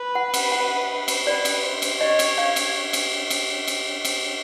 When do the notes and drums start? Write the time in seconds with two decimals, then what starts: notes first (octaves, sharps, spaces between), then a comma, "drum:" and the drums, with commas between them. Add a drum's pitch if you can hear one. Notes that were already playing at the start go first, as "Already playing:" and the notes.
Already playing: B4
0.15 F#5
0.34 drum: cymbal
0.52 F#5
1.08 drum: cymbal
1.27 B4 D5
1.45 drum: cymbal
1.63 C5
1.82 drum: cymbal
2.01 C#5 D#5
2.19 drum: cymbal
2.38 F5
2.56 drum: cymbal
2.93 drum: cymbal
3.30 drum: cymbal
3.68 drum: cymbal
4.05 drum: cymbal